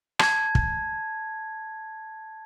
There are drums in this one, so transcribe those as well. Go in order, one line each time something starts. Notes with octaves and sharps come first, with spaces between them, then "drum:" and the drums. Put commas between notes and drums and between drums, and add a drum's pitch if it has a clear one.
A5 G#6, drum: rim click
drum: kick